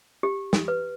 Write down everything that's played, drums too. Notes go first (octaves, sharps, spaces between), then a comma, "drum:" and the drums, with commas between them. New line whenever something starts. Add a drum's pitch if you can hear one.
G4
drum: snare
B4